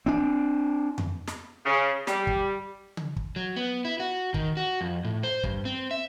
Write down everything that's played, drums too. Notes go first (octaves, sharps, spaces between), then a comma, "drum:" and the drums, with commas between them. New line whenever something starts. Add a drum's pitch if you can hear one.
C4 D4
drum: tom F2
drum: snare
C#3
G3, drum: snare
drum: kick
drum: tom C#3
drum: kick
F#3
B3
E4
F#4
D#3, drum: kick
F#4
F2
A2
C5
G2, drum: kick
C4
E5